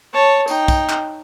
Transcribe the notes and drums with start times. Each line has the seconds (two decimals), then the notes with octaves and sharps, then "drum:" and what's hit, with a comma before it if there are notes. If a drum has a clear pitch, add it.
0.14 C#5 A5
0.48 D#4 G5, drum: tambourine
0.68 drum: kick, tambourine
0.89 drum: clap